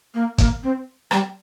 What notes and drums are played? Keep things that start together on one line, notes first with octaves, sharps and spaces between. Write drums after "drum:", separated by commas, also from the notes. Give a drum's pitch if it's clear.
A#3
A#3, drum: kick, hi-hat
C4
G3, drum: rim click